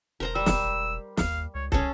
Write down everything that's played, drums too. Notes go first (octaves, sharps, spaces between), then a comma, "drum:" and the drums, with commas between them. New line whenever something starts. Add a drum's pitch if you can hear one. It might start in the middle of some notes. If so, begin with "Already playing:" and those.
E1 A#4 C5 A#5
G3 E6
drum: snare
D#2 F5, drum: snare
C#2 C#5
C2 C#4 G#4 A4, drum: kick